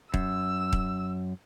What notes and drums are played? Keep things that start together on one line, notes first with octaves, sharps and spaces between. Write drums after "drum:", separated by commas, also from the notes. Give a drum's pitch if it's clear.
F#2 E6, drum: kick D#1
drum: kick D#1